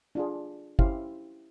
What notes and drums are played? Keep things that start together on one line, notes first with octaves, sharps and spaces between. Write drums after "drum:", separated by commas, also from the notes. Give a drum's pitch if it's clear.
D4 F4 G#4
C#4 E4 G4 C5 F5, drum: kick